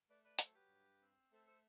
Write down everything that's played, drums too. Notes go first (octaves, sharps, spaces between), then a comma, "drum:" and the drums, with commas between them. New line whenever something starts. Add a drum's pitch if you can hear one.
A3 B4 D5
B4 D5
F#3 A4 C5, drum: hi-hat
G4 B4
G2
C4
A3 A4 C5
A4 C5